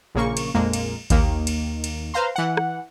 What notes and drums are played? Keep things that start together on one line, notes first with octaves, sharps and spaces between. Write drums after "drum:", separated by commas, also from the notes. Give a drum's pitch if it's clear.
A#1 C#3 A#3 C#6
drum: cymbal
A#1 F2 G#3 A#3
drum: cymbal
D#2 D#3 A#3, drum: kick A1, cymbal
drum: cymbal
drum: cymbal
B4 C5 F5 A#5 C6
E3 F#5
drum: rim click